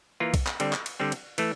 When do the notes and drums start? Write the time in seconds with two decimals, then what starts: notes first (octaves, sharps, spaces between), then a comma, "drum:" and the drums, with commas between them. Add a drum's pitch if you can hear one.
0.20 E3 A#3 F4
0.34 drum: kick B1, cymbal
0.47 drum: clap
0.60 D3 G3 C4, drum: cymbal
0.73 drum: clap
0.86 drum: cymbal
1.00 D3 G3 C4
1.12 drum: cymbal
1.38 E3 A3, drum: cymbal